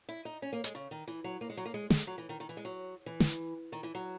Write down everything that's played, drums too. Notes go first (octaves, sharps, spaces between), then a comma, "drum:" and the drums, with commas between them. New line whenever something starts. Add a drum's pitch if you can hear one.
E4
D#4
C#4
A#3
G#3, drum: hi-hat
C#3
D#3
E3
F#3
A#3
G#3
F#3
A#3
G#3
G#3, drum: snare
F#3
E3
D#3
D#3
E3
G#3
F#3
E3
drum: snare
D#3
E3
F#3